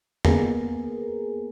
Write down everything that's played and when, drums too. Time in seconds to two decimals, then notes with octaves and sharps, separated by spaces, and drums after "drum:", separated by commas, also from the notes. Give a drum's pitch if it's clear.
0.25 A#3 B3 G#4 A#4, drum: tom E2